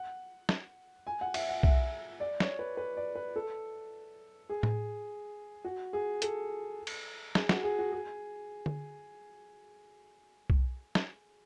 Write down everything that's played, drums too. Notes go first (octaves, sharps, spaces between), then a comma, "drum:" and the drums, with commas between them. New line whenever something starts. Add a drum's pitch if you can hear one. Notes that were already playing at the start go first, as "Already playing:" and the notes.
Already playing: F#5
drum: snare
G#5
F#5
E5, drum: cymbal
F#5
E5, drum: kick B1
D5
C#5, drum: snare
B4
B4
D5
B4
A4
G#4
drum: tom A2
F#4
G#4
A4, drum: hi-hat
drum: cymbal
G#4, drum: snare
F#4, drum: snare
G#4
F#4
G#4
drum: tom D3
drum: kick B1
drum: snare